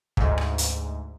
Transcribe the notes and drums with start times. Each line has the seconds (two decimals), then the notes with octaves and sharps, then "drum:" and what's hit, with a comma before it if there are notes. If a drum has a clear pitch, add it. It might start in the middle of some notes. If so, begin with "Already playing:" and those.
0.17 D2 G#2, drum: kick
0.38 drum: rim click
0.58 drum: hi-hat